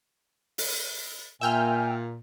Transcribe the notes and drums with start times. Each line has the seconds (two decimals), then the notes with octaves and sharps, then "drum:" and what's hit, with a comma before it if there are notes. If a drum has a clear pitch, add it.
0.58 drum: open hi-hat
1.41 A#2 E5 G5 G#5 F6